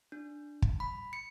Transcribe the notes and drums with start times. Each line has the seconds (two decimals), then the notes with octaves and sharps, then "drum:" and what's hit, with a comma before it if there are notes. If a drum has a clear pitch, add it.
0.12 D4
0.62 drum: kick
0.80 B5
1.13 C#7